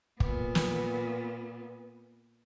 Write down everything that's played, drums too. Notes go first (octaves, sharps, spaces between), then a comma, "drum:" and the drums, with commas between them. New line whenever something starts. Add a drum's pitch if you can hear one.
A#2 B3, drum: kick
drum: snare